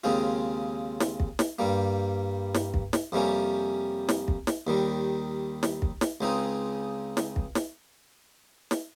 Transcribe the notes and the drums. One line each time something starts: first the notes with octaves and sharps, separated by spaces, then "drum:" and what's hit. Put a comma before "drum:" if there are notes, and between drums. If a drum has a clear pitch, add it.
D#2 C#3 G#3 C4 F4
drum: snare
drum: kick
drum: snare
G2 G3 A#3
drum: snare
drum: kick
drum: snare
F2 C3 G3 A#3 C#4
drum: snare
drum: kick
drum: snare
D#2 D#3 G3
drum: snare
drum: kick
drum: snare
C#2 C#3 G#3 C4 D#4
drum: snare
drum: kick
drum: snare
drum: snare